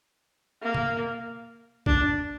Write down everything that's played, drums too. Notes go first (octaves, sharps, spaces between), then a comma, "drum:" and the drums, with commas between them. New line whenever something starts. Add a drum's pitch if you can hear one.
A#3
drum: tom B2
D4, drum: kick A#1